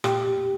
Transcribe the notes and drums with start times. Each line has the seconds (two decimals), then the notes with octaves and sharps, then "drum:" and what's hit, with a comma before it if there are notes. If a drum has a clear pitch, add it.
0.04 A#2 G4, drum: rim click